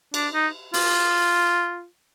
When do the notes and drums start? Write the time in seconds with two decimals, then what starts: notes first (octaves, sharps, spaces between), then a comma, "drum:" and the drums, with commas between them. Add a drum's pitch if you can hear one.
0.14 D4, drum: cymbal
0.33 D#4
0.74 F4, drum: open hi-hat